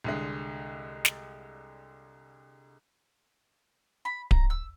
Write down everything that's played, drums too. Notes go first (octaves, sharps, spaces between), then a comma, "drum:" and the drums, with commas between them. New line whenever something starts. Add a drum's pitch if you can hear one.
C2 D3 G#3
drum: snare
B5
A#5, drum: kick D1
E6